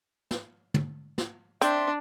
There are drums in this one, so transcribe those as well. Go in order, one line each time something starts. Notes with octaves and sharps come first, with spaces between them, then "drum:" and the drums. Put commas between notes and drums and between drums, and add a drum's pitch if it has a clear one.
drum: snare
drum: tom
drum: snare
C4 D4 D5 E5 C6, drum: hi-hat